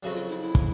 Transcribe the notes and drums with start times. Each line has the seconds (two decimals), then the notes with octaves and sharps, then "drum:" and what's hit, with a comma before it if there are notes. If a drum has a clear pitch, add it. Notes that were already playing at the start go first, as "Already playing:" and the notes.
0.03 F2 C#3 F#3 F#4
0.16 F4
0.29 E4
0.42 E4
0.55 drum: kick